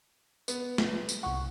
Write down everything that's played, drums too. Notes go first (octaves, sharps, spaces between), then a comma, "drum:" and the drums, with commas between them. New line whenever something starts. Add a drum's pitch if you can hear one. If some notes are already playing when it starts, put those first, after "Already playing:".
B3, drum: tambourine
drum: snare
drum: tambourine
C2 F#5 C#6